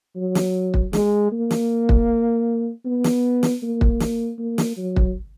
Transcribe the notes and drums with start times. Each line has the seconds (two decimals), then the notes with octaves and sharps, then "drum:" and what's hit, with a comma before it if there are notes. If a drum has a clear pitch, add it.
0.16 F#3
0.35 drum: snare
0.74 drum: kick
0.93 G#3, drum: snare
1.32 A#3
1.51 drum: snare
1.89 drum: kick
2.85 B3
3.04 drum: snare
3.43 drum: snare
3.63 A#3
3.81 drum: kick
4.00 drum: snare
4.39 A#3
4.58 drum: snare
4.77 F#3
4.96 drum: kick